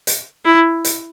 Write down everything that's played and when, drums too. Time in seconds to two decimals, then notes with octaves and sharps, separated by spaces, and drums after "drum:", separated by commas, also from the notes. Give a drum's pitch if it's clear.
0.07 drum: hi-hat
0.45 E4
0.84 drum: hi-hat